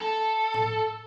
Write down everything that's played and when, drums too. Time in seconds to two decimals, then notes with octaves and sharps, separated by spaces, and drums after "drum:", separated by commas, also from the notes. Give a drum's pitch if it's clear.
0.01 A4
0.54 drum: tom A2